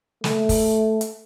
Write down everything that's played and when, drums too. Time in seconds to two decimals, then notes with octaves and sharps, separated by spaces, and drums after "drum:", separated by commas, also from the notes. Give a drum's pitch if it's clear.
0.24 A3, drum: snare
0.49 drum: kick, open hi-hat
1.01 drum: hi-hat